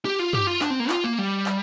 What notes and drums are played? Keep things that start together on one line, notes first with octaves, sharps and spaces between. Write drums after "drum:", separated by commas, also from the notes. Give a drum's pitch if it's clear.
G4
F4
G4, drum: tom
F4
D4, drum: clap
C4
A#3
F4, drum: clap
A#3
G3
drum: clap